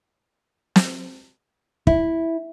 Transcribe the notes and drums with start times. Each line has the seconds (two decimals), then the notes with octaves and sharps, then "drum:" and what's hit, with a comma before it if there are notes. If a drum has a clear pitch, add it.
0.76 drum: snare
1.87 E4, drum: kick